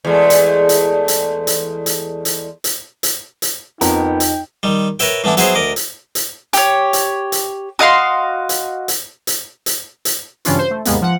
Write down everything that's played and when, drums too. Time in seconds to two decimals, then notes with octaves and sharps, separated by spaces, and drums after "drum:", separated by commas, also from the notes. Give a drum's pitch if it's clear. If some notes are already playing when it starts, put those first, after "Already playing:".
0.05 E2 G#3 A3
0.30 drum: hi-hat
0.69 drum: hi-hat
1.08 drum: hi-hat
1.47 drum: hi-hat
1.86 drum: hi-hat
2.25 drum: hi-hat
2.64 drum: hi-hat
3.03 drum: hi-hat
3.42 drum: hi-hat
3.81 F2 B3 D#4 A#4 G5, drum: hi-hat
4.20 drum: hi-hat
4.63 D#3 G3
4.99 A#4 B4 C#5 E5 G5, drum: hi-hat
5.24 E3 A3 B3 D4 E4
5.37 F#3 B3 E4 G#4 C5 C#5, drum: hi-hat
5.55 D2 A#4 D#5 D6
5.76 drum: hi-hat
6.15 drum: hi-hat
6.53 G4 C#5, drum: hi-hat
6.93 drum: hi-hat
7.32 drum: hi-hat
7.79 F#4 D#5 F5 C6
8.49 drum: hi-hat
8.88 drum: hi-hat
9.27 drum: hi-hat
9.66 drum: hi-hat
10.05 drum: hi-hat
10.45 G2 C#3 E3 C#4 D4 F4, drum: hi-hat
10.58 C5
10.70 A3
10.85 D#2 G#2 C3 G#3 A#3 B3, drum: hi-hat
11.01 F3 F#5